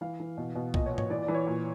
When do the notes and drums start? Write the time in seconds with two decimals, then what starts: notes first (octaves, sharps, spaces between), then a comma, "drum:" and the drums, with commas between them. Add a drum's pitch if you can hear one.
0.01 E3 F5
0.20 E3
0.37 B2
0.55 B2
0.74 A#2 D#5, drum: kick B1
0.86 C#5
0.93 A#2
0.98 C#5, drum: tom G#2
1.10 E3 D5
1.23 D5
1.28 E3
1.34 C#5
1.46 A#2